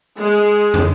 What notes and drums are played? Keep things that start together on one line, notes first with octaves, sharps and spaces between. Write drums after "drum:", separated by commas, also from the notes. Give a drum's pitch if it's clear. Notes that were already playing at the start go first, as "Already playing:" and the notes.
G#3
drum: tom